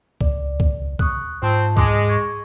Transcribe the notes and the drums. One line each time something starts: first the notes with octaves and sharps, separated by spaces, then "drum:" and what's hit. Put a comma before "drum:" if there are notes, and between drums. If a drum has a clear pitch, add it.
C#2 D5, drum: kick C2
drum: kick C2
C#6 D#6 F#6, drum: kick C2
G#2 C4 F4 A5
G#3 D6 A#6 D7, drum: kick C2
C#6 G#6